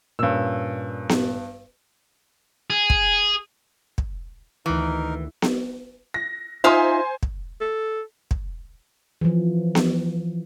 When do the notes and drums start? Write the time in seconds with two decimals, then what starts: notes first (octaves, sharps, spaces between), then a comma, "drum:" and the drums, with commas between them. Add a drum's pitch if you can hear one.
0.19 G2 A#2 C#4 E6
1.09 drum: snare B3
2.70 G#4
2.90 drum: kick
3.98 drum: kick
4.66 D2 D#3 E3 D#4 A#4
5.42 drum: snare B3
6.14 A#6
6.64 D#4 F4 C5 E5 G#5 C6
7.23 drum: kick
7.61 A4
8.31 drum: kick
9.21 E3 F3
9.75 drum: snare B3